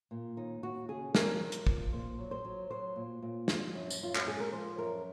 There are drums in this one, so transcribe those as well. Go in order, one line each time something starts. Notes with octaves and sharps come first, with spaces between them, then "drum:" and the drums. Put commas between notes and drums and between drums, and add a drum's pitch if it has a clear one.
A#2
D#2 D#4
D#2 F#4
C#3 G#4
D#2 A#4, drum: snare
F3
drum: hi-hat
F3, drum: kick
A#2 C5
F#3
C5
F#3
F#3 C5
A#2
A#2
F3, drum: snare
F#2
drum: tambourine
F#2 F4
F#4, drum: clap
G#3 G#4
A#4
F3 C5
F#2 A#4